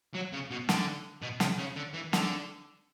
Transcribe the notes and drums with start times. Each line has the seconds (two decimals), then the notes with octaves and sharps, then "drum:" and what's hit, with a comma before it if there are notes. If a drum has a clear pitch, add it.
0.14 F#3
0.33 C#3
0.51 B2
0.69 D3, drum: snare
1.22 B2
1.40 C#3, drum: snare
1.58 C#3
1.76 D3
1.94 E3
2.13 D3, drum: snare